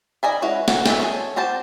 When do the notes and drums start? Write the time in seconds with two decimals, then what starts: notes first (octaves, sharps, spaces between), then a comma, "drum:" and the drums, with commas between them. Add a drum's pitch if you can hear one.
0.23 D#3 D5 D#5 G#5 B5
0.42 G#3 C#4 E4 F#4 B4
0.68 F#5, drum: snare
0.86 E3 G#3 E5, drum: snare
1.00 G#4 A4 C#5
1.36 C4 F#4 G4 C5 A5